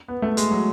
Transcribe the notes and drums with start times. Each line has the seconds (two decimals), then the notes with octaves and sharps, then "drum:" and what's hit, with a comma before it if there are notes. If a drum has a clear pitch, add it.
0.08 B3
0.22 A3
0.37 G#3, drum: hi-hat
0.51 F#3